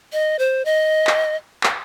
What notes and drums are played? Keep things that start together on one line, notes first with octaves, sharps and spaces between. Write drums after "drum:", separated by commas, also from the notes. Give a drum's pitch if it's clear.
D#5
C5
D#5
drum: clap
drum: clap